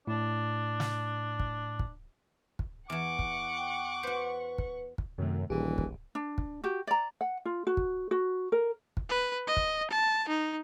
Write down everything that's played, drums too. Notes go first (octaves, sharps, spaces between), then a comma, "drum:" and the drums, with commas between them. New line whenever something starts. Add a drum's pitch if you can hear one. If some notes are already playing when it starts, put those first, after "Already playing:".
A2 D4
drum: snare
drum: kick
drum: kick
drum: kick
E2 E3 F#5 C#6 D6
drum: kick
G5
F#4 B4 C5
drum: kick
drum: kick
F#2 C3 D#3 A3
D#1 A#1 E3 G4 G#4
drum: kick
D4
drum: kick
F#4 G4
D5 A#5
F#5
F4
F#4
drum: kick
F#4
A#4
drum: kick
B4
D#5
drum: kick
A5
D#4